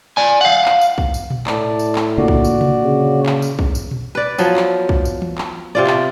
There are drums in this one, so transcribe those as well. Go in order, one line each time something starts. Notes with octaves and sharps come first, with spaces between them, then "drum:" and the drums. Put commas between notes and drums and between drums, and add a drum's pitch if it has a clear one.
D5 G#5
F5 F#5
drum: clap
drum: tambourine
drum: kick A#1
drum: tambourine
drum: tom A#2
A2 D5 A5, drum: clap
drum: tambourine
drum: clap
A#2 D3 A#3 F#4 D5
drum: kick A#1
drum: tambourine
drum: tom C3
C#3
drum: clap
drum: tambourine
drum: kick A#1
drum: tambourine
drum: tom A#2
B4 D5
F3 F#3 B3, drum: tambourine
drum: clap
drum: kick A#1
drum: tambourine
drum: tom E3
drum: clap
C3 F4 D5
drum: clap